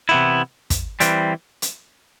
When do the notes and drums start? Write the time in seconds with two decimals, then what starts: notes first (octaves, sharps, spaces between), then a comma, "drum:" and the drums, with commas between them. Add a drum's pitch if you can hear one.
0.09 C3 E3 B3 E4
0.70 drum: kick, hi-hat
1.00 E3 G3 C4, drum: hi-hat
1.62 drum: hi-hat